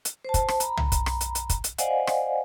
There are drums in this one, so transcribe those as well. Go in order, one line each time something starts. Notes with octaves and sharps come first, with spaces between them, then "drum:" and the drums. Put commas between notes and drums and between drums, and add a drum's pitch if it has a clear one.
drum: hi-hat
C5 A5
drum: kick, hi-hat
drum: rim click
A#5 B5, drum: hi-hat
drum: tom
drum: kick, hi-hat
drum: rim click
drum: hi-hat
drum: hi-hat
drum: kick, hi-hat
drum: hi-hat
C5 D5 D#5 F5 F#5 G#5, drum: hi-hat
drum: rim click